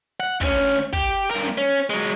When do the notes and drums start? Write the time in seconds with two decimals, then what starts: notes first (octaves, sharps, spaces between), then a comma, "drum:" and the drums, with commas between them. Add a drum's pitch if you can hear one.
0.20 F#5
0.41 D2 C#4, drum: kick, open hi-hat
0.93 G4, drum: kick, hi-hat
1.31 G2 A#4
1.44 drum: snare
1.58 C#4
1.90 F#3 G#3